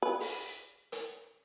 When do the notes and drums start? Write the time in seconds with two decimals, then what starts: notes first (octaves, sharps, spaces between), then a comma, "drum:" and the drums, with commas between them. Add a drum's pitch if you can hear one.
0.02 B4
0.20 drum: open hi-hat
0.92 drum: hi-hat